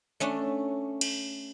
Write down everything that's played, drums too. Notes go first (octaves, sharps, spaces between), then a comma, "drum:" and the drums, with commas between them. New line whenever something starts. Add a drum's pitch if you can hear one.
A3 C#4 D4
drum: cymbal